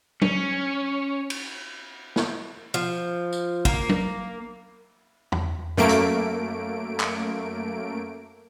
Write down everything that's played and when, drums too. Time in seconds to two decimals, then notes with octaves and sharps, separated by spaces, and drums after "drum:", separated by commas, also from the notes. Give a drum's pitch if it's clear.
0.22 C#4, drum: tom F#3
1.30 drum: cymbal
2.16 drum: snare
2.74 F3
3.33 drum: tambourine
3.65 A#3, drum: kick
3.89 drum: tom F#3
5.32 drum: tom
5.77 F#2 A3 A#3 D7
5.89 drum: hi-hat
7.00 drum: clap